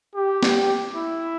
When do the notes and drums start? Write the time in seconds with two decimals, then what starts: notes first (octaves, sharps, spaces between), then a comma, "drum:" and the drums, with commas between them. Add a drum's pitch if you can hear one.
0.15 G4
0.43 drum: snare
0.96 E4